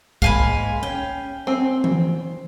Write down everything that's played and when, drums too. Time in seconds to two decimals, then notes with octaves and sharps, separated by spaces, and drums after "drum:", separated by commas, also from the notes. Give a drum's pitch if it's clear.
0.22 G#2 G#3 A#3 F5 G#5 B5, drum: kick
0.83 C#4 G5
1.47 C4 G#5
1.84 drum: tom E3